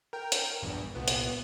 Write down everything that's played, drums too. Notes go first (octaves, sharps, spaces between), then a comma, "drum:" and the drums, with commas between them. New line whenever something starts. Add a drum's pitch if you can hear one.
A#4 G5
drum: hi-hat
A#1 E2 G2
C2 A#2 B3
drum: hi-hat